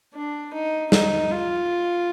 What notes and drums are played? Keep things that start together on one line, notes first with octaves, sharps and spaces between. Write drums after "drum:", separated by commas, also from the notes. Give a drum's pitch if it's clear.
D4
D#4
D#4, drum: snare
F4